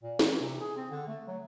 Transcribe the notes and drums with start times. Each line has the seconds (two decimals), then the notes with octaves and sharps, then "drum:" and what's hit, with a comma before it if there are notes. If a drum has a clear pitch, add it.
0.03 A#2
0.19 E3, drum: snare
0.40 C3
0.61 G#4
0.76 C4
0.90 D3
1.07 A3
1.27 F#3